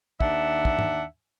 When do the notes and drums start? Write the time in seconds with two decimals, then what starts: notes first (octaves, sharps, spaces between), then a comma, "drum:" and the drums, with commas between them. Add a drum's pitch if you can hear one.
0.21 D#2 D4 E5 F#5, drum: kick
0.65 drum: kick
0.79 drum: tom